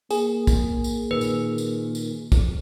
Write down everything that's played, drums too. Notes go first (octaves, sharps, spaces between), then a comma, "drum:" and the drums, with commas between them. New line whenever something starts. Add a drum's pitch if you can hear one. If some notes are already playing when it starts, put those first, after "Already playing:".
A#3 G#4, drum: tambourine
drum: kick, tambourine
drum: tambourine
A#2 D#3 B4
drum: tambourine
drum: tambourine
drum: tambourine
drum: kick, tambourine